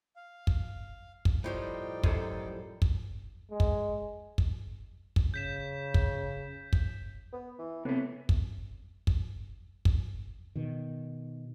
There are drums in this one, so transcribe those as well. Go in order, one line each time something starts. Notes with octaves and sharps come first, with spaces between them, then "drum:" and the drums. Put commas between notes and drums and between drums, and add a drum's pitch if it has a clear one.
F5
drum: kick
drum: kick
A2 F3 G3 D#4 D5 G5
F#2 A4, drum: kick
drum: kick
G#3
drum: kick
drum: kick
drum: kick
C#3 G6 B6 E7
drum: kick
drum: kick
B3
E3
A2 C3 A3 B3
drum: kick
drum: kick
drum: kick
B2 D#3